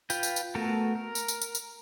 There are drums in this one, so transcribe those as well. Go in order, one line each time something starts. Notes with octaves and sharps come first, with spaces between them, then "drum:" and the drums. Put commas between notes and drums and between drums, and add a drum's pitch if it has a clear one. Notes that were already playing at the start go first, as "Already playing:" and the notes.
F4 B4 G5, drum: tambourine
drum: tambourine
drum: tambourine
A3 B3 F#4 A4 A#4
A#4
drum: tambourine
drum: tambourine
drum: tambourine
drum: tambourine